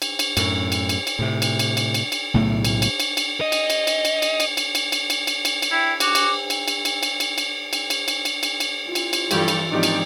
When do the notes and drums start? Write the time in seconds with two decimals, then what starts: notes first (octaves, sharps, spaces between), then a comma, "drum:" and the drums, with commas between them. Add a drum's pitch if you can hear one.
0.02 drum: cymbal
0.19 drum: cymbal
0.37 F#2 A2, drum: cymbal
0.72 drum: cymbal
0.89 drum: cymbal
1.07 drum: cymbal
1.19 A2 C3
1.42 drum: cymbal
1.59 drum: cymbal
1.77 drum: cymbal
1.94 drum: cymbal
2.12 drum: cymbal
2.34 B1 A2 C#3 A3
2.65 drum: cymbal
2.82 drum: cymbal
3.00 drum: cymbal
3.17 drum: cymbal
3.41 D#5
3.52 drum: cymbal
3.70 drum: cymbal
3.87 drum: cymbal
4.05 drum: cymbal
4.22 drum: cymbal
4.40 drum: cymbal
4.57 drum: cymbal
4.75 drum: cymbal
4.92 drum: cymbal
5.10 drum: cymbal
5.27 drum: cymbal
5.45 drum: cymbal
5.62 drum: cymbal
5.71 E4 G5
6.00 F#4 D6, drum: cymbal
6.15 drum: cymbal
6.50 drum: cymbal
6.68 drum: cymbal
6.85 drum: cymbal
7.03 drum: cymbal
7.20 drum: cymbal
7.38 drum: cymbal
7.73 drum: cymbal
7.90 drum: cymbal
8.08 drum: cymbal
8.25 drum: cymbal
8.43 drum: cymbal
8.60 drum: cymbal
8.85 E4 F4
8.95 drum: cymbal
9.13 drum: cymbal
9.31 G2 E3 F3 G3 A3 G4 A4, drum: cymbal
9.48 drum: cymbal
9.71 G#2 D#3 F3 C4 D4 D#4 G4 D5
9.83 drum: cymbal